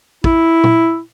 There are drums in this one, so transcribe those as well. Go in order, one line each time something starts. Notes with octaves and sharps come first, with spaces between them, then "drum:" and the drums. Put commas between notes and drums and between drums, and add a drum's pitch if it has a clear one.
E4, drum: kick
drum: tom A#2